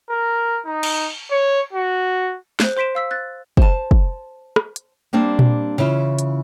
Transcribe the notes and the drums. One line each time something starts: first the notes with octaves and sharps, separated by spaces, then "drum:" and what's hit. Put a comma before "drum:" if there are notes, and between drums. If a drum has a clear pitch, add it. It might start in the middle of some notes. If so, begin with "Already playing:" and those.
A#4
D#4
drum: cymbal
C#5
F#4
C5 F#6, drum: snare
C5 C6 B6 D7 E7
F5 E6 B6
F#6 A6
C5 A5, drum: kick
drum: kick
drum: rim click
drum: hi-hat
G3 A#3 C4 D4
drum: tom A#2
C#3 E3 E4 F4
drum: hi-hat